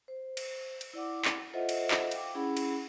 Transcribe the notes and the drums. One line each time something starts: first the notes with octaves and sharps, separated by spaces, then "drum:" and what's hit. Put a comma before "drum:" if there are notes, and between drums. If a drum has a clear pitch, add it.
C5
drum: cymbal
drum: cymbal
E4 D5 F#5 D6
drum: clap
F4 A4 C5 D#5 E5 F#5
drum: cymbal
drum: clap
F5 G5 D6, drum: cymbal
C#4 E4 G#4 F#5 B5
drum: cymbal